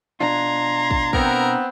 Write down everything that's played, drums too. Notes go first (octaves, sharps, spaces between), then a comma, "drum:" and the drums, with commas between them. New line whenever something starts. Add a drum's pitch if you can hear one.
B2 D4 F4 A#5 C6 G#6
drum: kick
B3 C4 A#4, drum: kick